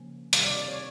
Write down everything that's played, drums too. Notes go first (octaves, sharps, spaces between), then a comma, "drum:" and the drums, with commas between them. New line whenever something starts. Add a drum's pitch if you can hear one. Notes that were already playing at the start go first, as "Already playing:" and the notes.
Already playing: C#3 F3 A#3 C#4
C3 D#3 G3 F5, drum: hi-hat
D5
D5
C#5